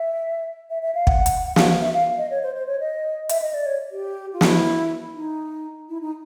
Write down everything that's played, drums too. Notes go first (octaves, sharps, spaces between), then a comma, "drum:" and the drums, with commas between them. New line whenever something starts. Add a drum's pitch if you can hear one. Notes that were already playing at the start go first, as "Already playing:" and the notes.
Already playing: E5
E5
E5
F5
F#5, drum: kick
drum: hi-hat
F#5
F5, drum: snare
E5
F5
D#5
C#5
C5
C5
C#5
D#5
E5, drum: hi-hat
D#5
D5
C#5
G4
F4
E4, drum: snare
D#4
E4
D#4